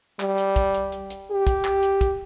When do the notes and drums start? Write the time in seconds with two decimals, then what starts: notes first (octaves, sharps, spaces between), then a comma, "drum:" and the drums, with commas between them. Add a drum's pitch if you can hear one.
0.20 G3, drum: clap
0.38 drum: hi-hat
0.56 drum: kick, hi-hat
0.74 drum: hi-hat
0.92 drum: hi-hat
1.10 drum: hi-hat
1.31 G4
1.47 drum: kick, hi-hat
1.65 drum: clap
1.83 drum: hi-hat
2.01 drum: kick, hi-hat